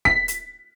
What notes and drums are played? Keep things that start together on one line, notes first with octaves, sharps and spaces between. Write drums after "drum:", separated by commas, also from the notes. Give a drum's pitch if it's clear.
B6, drum: kick
drum: hi-hat